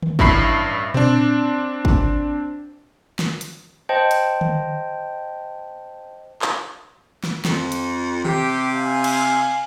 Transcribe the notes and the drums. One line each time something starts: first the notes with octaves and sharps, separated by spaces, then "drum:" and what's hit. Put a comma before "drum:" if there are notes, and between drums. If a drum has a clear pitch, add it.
drum: tom D3
A1 G2 E4 B5 C7, drum: kick G#1
C4 D4, drum: tom A#2
drum: kick G#1
drum: snare
drum: hi-hat
C5 D#5 G5 A5
drum: hi-hat
drum: tom D3
drum: clap
drum: snare
F2, drum: snare
drum: hi-hat
C3 G4, drum: tom D#3
F5 G#5
drum: cymbal